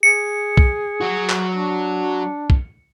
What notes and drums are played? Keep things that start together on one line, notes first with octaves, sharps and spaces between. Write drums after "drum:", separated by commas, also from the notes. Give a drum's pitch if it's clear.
G#4 C#7
drum: kick B1
F#3 F#4
drum: clap
D4
drum: kick B1